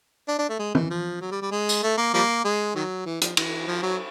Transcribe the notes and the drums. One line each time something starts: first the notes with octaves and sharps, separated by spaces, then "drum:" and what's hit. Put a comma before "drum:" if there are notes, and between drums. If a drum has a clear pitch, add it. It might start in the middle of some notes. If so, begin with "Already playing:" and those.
D4
D4
A3
G#3
E3, drum: tom
F3
F#3
G3
G3
G#3
drum: tambourine
A3
A#3
F3 G3 A#3
G#3
D#3 F#3
E3
F3, drum: hi-hat
E3, drum: cymbal
F3
F#3